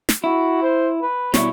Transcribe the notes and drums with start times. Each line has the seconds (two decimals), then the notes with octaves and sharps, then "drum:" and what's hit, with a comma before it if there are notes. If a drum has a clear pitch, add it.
0.09 drum: snare
0.24 E4 F#4
0.62 C5
1.02 B4
1.34 B2 G3 E4 C#5, drum: snare